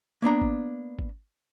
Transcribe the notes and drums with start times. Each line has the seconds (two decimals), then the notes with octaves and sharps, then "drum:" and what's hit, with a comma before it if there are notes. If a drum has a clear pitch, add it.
0.22 A#3 B3 D4 A#5
0.41 drum: kick G#1
0.99 drum: kick G#1